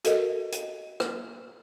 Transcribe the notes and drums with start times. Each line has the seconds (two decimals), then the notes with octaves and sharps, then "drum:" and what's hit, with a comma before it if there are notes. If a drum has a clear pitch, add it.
0.05 F#4 A4 A#4 D#5, drum: hi-hat
0.52 drum: hi-hat
1.00 drum: rim click